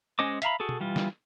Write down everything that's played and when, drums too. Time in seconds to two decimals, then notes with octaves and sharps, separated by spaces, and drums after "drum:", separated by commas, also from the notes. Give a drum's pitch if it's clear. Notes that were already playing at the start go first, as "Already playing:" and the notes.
0.19 G#3 C#4 C5 D#5 D6
0.42 E5 F5 A#5 B5, drum: hi-hat
0.60 F#4 G#4 A4
0.69 drum: tom B2
0.80 E3 G3 F4
0.96 drum: snare